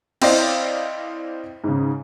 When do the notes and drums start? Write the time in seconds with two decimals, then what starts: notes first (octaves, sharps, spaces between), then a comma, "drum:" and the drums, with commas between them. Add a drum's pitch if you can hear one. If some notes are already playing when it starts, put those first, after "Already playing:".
0.22 C4 E4 C5 D5 D#5 F5, drum: cymbal
1.64 G#2 C#3